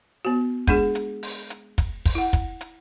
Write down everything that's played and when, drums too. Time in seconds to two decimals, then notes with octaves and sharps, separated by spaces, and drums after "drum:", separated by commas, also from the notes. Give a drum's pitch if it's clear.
0.25 B3 F#4
0.67 G#3 D4 G#4, drum: kick, hi-hat
0.95 drum: hi-hat
1.23 drum: open hi-hat
1.50 drum: hi-hat
1.78 drum: kick, hi-hat
2.05 drum: kick, open hi-hat
2.15 E4 F#5
2.33 drum: kick, hi-hat
2.61 drum: hi-hat